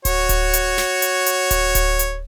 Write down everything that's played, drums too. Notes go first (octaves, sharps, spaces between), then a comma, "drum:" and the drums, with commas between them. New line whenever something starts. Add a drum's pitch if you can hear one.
F#4 C#5, drum: kick D1, hi-hat
drum: kick D1, hi-hat
drum: hi-hat
drum: snare
drum: hi-hat
drum: hi-hat
drum: kick D1, hi-hat
drum: kick D1, hi-hat
drum: hi-hat